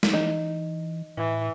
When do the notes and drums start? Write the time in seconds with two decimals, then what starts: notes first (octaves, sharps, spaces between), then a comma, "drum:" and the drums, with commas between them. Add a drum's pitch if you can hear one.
0.03 drum: snare
0.13 E3 D#4
1.17 A2 E3